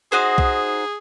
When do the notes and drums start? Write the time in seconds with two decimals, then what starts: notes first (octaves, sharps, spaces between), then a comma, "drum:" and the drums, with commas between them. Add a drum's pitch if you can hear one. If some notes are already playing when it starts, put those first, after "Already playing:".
0.12 D#4 F#4 G#4 C5
0.38 drum: kick B1